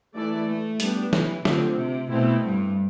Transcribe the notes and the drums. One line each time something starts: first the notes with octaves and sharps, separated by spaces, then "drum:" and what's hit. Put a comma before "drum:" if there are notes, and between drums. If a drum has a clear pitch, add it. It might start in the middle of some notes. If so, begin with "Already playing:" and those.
E3 A3 E4 A4 D5
A3
G3 B3 D4 G4, drum: hi-hat
E3, drum: snare
D3 F3 A3 C4 G4, drum: snare
C3
B2 A3 C4 E4
G2